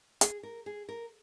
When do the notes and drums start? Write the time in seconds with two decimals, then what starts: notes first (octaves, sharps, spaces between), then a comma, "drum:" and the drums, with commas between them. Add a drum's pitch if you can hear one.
0.21 G#4, drum: hi-hat
0.43 A#4
0.66 G#4
0.89 A#4